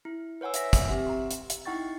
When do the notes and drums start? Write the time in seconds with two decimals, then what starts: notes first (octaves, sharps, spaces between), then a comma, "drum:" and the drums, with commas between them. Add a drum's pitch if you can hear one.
0.05 E4
0.41 B4 C#5 F#5 G#5 E6
0.54 E5 F#5 G#5 E6 A#6 B6, drum: hi-hat
0.73 drum: kick, hi-hat
0.88 C4 G4 E5 F#5
1.07 A#5 C6
1.31 drum: hi-hat
1.50 drum: hi-hat
1.65 D#4 E4 F#5 G5 C#6 A6